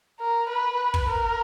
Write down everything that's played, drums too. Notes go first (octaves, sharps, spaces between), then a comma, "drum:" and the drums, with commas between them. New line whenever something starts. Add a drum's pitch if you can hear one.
A#4
B4
drum: kick
A#4